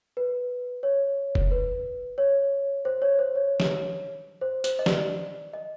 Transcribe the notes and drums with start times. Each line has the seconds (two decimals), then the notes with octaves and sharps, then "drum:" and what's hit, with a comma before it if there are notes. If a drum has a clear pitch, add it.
0.17 B4
0.83 C#5
1.35 drum: kick
1.51 B4
2.18 C#5
2.85 C5
3.02 C#5
3.19 C5
3.35 C#5
3.60 drum: snare
4.41 C5
4.64 C5, drum: tambourine
4.79 D#5
4.86 D5, drum: snare
5.53 D#5